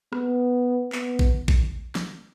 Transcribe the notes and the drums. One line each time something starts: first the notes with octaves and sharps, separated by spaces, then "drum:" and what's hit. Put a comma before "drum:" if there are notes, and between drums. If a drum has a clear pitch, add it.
B3, drum: rim click
B3, drum: clap
drum: kick A#1
drum: kick A#1
drum: snare